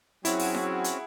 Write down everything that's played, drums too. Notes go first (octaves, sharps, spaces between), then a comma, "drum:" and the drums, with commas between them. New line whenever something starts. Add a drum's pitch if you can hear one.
F#3 C4 C#4 E4 F#4 G#4 F#5, drum: hi-hat
drum: open hi-hat
drum: snare E4
drum: hi-hat